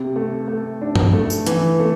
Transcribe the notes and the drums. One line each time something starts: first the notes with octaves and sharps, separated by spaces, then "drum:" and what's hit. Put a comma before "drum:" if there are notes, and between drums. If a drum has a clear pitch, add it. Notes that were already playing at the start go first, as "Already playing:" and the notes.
Already playing: C3
A3
A3
D4
drum: tom G2
A3
drum: tambourine
E3, drum: hi-hat
A3